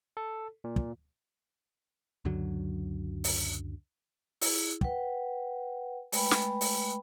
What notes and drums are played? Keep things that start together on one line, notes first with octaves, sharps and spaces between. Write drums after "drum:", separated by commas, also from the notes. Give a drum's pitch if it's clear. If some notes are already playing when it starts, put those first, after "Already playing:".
A4
A#2
drum: kick
C#2 F#2 D3 F#3
drum: open hi-hat
E4 G#4, drum: open hi-hat
B4 F#5 G5, drum: kick
G#3 A3 B4 G5 B5, drum: open hi-hat
drum: snare
drum: open hi-hat